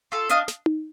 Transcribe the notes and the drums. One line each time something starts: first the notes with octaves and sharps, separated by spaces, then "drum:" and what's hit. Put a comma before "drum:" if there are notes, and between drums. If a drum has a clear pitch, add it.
F4 A4
D4 D#5 F5, drum: hi-hat
drum: snare
drum: tom D#4